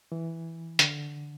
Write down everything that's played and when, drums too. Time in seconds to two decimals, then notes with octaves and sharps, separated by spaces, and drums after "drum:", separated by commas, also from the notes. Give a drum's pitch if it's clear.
0.12 E3
0.79 D3, drum: hi-hat